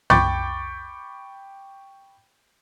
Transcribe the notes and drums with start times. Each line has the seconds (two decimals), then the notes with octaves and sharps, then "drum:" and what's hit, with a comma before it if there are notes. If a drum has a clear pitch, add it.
0.10 G5 B5 C#6 D6 G6 A6, drum: tom